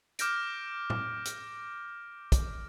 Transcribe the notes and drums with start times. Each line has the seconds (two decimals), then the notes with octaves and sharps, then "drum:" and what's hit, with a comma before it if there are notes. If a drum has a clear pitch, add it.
0.19 D6 F6 G6 A#6 D7, drum: hi-hat
0.90 drum: tom A2
1.25 drum: hi-hat
2.32 drum: kick, hi-hat